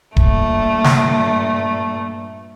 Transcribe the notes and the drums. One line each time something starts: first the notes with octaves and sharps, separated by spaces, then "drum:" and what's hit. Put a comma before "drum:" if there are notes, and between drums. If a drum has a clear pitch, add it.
G2 A#2 A3, drum: kick D#1
drum: snare